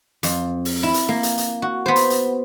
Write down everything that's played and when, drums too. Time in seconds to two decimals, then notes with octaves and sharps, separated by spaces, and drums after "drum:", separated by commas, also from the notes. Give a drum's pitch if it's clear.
0.23 F2, drum: hi-hat
0.65 drum: open hi-hat
0.83 E4
0.94 drum: hi-hat
1.09 A#3
1.23 drum: hi-hat
1.38 drum: hi-hat
1.62 F#4
1.86 B3 C5
1.96 drum: hi-hat
2.10 drum: hi-hat